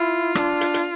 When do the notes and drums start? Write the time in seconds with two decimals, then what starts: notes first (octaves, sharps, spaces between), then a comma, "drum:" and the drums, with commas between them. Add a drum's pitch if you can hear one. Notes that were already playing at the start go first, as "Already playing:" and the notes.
Already playing: E4 F4
0.35 D4, drum: rim click
0.61 drum: hi-hat
0.74 drum: hi-hat